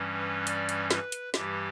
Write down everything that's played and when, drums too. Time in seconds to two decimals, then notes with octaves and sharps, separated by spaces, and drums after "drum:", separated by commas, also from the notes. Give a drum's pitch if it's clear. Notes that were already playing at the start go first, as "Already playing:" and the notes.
Already playing: G2 E3 G3 C#4
0.18 B4
0.47 D5, drum: hi-hat
0.69 drum: hi-hat
0.91 B4, drum: snare
1.12 drum: hi-hat
1.34 G2 E3 G3 G4, drum: snare